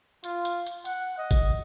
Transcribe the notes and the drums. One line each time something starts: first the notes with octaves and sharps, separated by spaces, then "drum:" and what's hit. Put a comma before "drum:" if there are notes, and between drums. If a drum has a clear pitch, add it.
F4, drum: hi-hat
drum: hi-hat
drum: hi-hat
F#5, drum: hi-hat
D#5
drum: kick G1, hi-hat